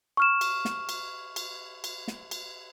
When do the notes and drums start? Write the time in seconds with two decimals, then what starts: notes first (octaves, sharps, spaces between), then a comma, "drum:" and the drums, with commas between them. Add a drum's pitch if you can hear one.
0.17 C#6 F6 E7
0.41 drum: cymbal
0.65 drum: snare
0.89 drum: cymbal
1.36 drum: cymbal
1.84 drum: cymbal
2.08 drum: snare
2.31 drum: cymbal